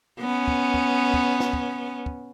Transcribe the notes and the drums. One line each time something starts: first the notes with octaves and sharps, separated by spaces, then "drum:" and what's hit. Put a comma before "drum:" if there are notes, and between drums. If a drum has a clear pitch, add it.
B3 C#4
drum: kick
drum: kick
drum: kick
drum: snare
drum: kick
drum: kick